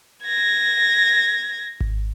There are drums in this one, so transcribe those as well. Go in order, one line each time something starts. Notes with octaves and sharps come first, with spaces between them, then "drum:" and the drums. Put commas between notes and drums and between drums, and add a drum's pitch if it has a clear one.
G#6 A#6
drum: kick G#1